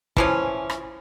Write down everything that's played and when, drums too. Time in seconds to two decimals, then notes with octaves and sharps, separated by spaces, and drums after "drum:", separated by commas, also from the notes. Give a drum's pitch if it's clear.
0.17 E3 F3 C#4, drum: kick
0.70 drum: rim click